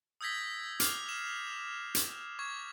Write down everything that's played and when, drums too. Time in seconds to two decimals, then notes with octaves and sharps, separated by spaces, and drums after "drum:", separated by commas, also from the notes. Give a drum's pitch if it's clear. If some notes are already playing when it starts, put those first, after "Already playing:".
0.21 D#6 E6 G6 G#6 A#6 B6
0.80 D6 F6 C7 F7, drum: hi-hat
1.09 E7
1.95 drum: hi-hat
2.39 C#6 G#6